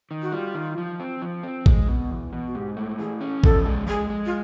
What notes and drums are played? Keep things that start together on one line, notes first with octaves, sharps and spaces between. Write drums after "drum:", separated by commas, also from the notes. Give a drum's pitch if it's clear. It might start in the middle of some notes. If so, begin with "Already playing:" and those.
D#3
F#4
G3 F4
D#3
F3
C4
F3
C4
G#3, drum: kick A1
B2
E2
B2
F#4
G#2 G4
A3
E3 G#4
C#4
F3 A4, drum: kick A1
G#3
G#3 G#4
G#3
F4